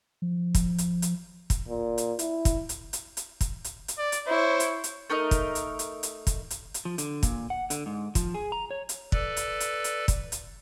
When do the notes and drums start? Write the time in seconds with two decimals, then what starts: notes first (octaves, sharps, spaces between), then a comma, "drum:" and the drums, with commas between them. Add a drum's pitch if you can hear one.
0.22 F3
0.55 drum: kick, hi-hat
0.78 drum: hi-hat
1.02 drum: hi-hat
1.50 drum: kick, hi-hat
1.68 A#2
1.98 drum: hi-hat
2.19 E4, drum: hi-hat
2.45 drum: kick, hi-hat
2.69 drum: hi-hat
2.93 drum: hi-hat
3.17 drum: hi-hat
3.41 drum: kick, hi-hat
3.64 drum: hi-hat
3.88 drum: hi-hat
3.98 D5
4.12 drum: hi-hat
4.28 E4 C5 C#5
4.60 drum: hi-hat
4.84 drum: hi-hat
5.10 A3 D#4 A#4 D#5
5.31 drum: kick, hi-hat
5.55 drum: hi-hat
5.79 drum: hi-hat
6.03 drum: hi-hat
6.27 drum: kick, hi-hat
6.50 drum: hi-hat
6.74 drum: hi-hat
6.85 F3
6.98 D3, drum: hi-hat
7.23 A#2, drum: kick, hi-hat
7.50 F#5
7.70 D3, drum: hi-hat
7.86 G#2
8.15 F3, drum: kick, hi-hat
8.34 G#4
8.52 A#5
8.71 C#5
8.89 drum: hi-hat
9.12 A4 B4 D5, drum: kick
9.37 drum: hi-hat
9.60 drum: hi-hat
9.84 drum: hi-hat
10.08 drum: kick, hi-hat
10.32 drum: hi-hat